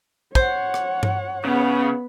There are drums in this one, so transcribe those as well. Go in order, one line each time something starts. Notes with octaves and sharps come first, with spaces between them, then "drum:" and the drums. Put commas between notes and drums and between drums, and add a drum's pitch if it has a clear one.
C5 C#5 F#5, drum: kick
drum: rim click
drum: tom G2
C#3 B3